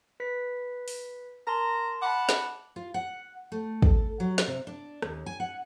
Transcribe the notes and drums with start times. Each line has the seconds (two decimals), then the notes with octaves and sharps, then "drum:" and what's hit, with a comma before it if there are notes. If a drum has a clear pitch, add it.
0.20 B4 B6
0.88 drum: open hi-hat
1.47 A#4 A5 A#5 C6
2.02 F#5 A5 B5 D6
2.29 drum: snare
2.76 F4
2.94 F#5
3.52 A3
3.82 A4, drum: kick
4.20 F#3
4.38 drum: snare
4.47 C3
4.67 D4
5.02 D#2, drum: rim click
5.26 G#5
5.40 F#5